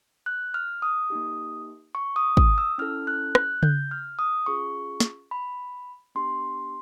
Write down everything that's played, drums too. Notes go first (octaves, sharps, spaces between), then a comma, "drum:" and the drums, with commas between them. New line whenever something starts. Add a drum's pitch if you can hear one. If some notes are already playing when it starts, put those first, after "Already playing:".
F#6
F6
D#6
A#3 D#4 G4
C#6
D#6
D#6, drum: kick
E6
C#4 E4 A4 F6
F#6
F#6, drum: rim click
G6, drum: tom C#3
F6
D#6
C#4 F4 G#4 C#6
drum: snare
B5
B3 D4 G4 C6